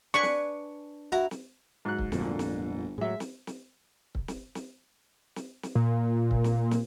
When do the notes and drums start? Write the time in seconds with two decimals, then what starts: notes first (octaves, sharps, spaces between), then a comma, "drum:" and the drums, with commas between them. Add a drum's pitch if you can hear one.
0.14 D4 B4 G#5 C#6
0.23 drum: snare
1.12 E4 F#4 A#5
1.31 drum: snare
1.85 G#2 F#3 F#6
1.99 drum: kick C#1
2.12 G1 F2 A#2 D3, drum: snare
2.39 drum: snare
2.98 A2 F#3 G#3 E5
3.20 drum: snare
3.47 drum: snare
4.15 drum: kick C#1
4.28 drum: snare
4.55 drum: snare
5.36 drum: snare
5.63 drum: snare
5.75 A#2
6.31 drum: kick C#1
6.44 drum: snare
6.71 drum: snare